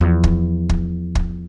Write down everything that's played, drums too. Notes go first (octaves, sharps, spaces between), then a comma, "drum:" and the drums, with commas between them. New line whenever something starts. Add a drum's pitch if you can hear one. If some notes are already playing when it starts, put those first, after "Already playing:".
E2 F3
drum: kick
drum: kick
drum: kick